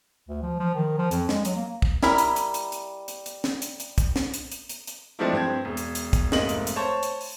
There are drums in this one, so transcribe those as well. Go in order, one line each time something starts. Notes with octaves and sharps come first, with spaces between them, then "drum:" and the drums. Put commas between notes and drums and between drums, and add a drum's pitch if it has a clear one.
D2
F3
F3
D#3
F3
F2, drum: hi-hat
G#3, drum: snare
F#3, drum: hi-hat
A#3
drum: kick
G3 E4 A#4 E5, drum: snare
drum: hi-hat
drum: hi-hat
drum: hi-hat
drum: hi-hat
drum: hi-hat
drum: hi-hat
drum: snare
drum: hi-hat
drum: hi-hat
drum: kick, hi-hat
drum: snare
drum: hi-hat
drum: hi-hat
drum: hi-hat
drum: hi-hat
F3 G#3 A3 C4 D4 E4
G2 C4 G#6
E1
drum: hi-hat
drum: hi-hat
drum: kick, hi-hat
F1 G#2 A#3 D#5 F#7, drum: snare
drum: hi-hat
drum: hi-hat
C5 C#5 A5
drum: hi-hat
drum: open hi-hat